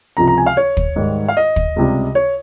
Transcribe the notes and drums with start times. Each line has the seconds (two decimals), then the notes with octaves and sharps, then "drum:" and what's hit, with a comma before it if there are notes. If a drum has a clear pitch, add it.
0.17 C#2 C3 F3 G#3 A#5
0.28 A#5
0.38 G#5
0.46 F5
0.57 C#5
0.77 drum: kick
0.96 G#2 D#3 G3
1.28 F5
1.37 D#5
1.56 drum: kick
1.76 C#2 C3 G3
2.15 C#5